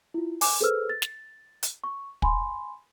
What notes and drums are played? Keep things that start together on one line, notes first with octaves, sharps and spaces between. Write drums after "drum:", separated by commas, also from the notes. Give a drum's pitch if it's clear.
E4 F4
G#5 D6, drum: open hi-hat
G#4 A4 B4 C5 E6 F6
A6
drum: snare
drum: hi-hat
C#6
G#5 B5 C6, drum: kick